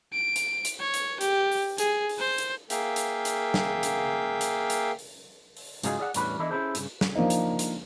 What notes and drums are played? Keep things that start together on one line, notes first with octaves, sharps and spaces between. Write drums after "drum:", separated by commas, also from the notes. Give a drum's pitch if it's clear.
D7
drum: hi-hat
drum: hi-hat
C#5
drum: hi-hat
G4, drum: hi-hat
drum: open hi-hat
G#4, drum: hi-hat
drum: open hi-hat
C5
drum: hi-hat
A#3 G#4 E5 F5 G5, drum: hi-hat
drum: hi-hat
drum: hi-hat
drum: snare
drum: hi-hat
drum: hi-hat
drum: hi-hat
drum: open hi-hat
drum: open hi-hat
G#2 C#3 F#3 D#4 F4 G#4, drum: hi-hat
G#4 D5 E5 F#5
E2 A2 G3 C#4 D4 B4, drum: hi-hat
E3 B3 D4 E4 A4 D#5
C#4 D4 E4 G#4 A4 C5
G2 A#2 C#3, drum: hi-hat
drum: snare
F3 A#3 D4 D#4
drum: hi-hat
drum: hi-hat